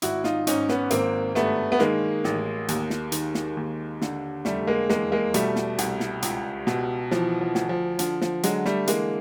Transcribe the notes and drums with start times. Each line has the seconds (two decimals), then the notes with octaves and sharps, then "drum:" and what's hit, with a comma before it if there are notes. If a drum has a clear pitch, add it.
0.02 G#1 E4 F#4, drum: hi-hat
0.24 D#4 F4, drum: snare
0.47 G#2 C#4 D#4, drum: hi-hat
0.69 B3 C#4, drum: snare
0.91 G#1 A#3 C4, drum: hi-hat
1.35 G2 A3 B3, drum: snare
1.72 B3
1.79 D#3 G#3 A#3, drum: snare
2.24 A1, drum: snare
2.68 D#2, drum: hi-hat
2.90 drum: snare
3.12 D#3, drum: hi-hat
3.35 drum: snare
3.57 D#2
4.02 D3, drum: snare
4.45 F1 G3 A3, drum: snare
4.67 G#3 A#3
4.89 E2 G#3 A#3, drum: snare
5.12 G#3 A#3
5.34 B2 G3 A3, drum: hi-hat
5.56 drum: snare
5.78 C2, drum: hi-hat
6.00 drum: snare
6.22 C#2, drum: hi-hat
6.67 B2, drum: snare
7.11 E3 F3, drum: snare
7.41 F3
7.55 D2, drum: snare
7.69 F3
7.99 D3 F3, drum: hi-hat
8.22 F3, drum: snare
8.43 D3 F#3 G#3, drum: hi-hat
8.65 G3 A3, drum: snare
8.87 E3 G#3 A#3, drum: hi-hat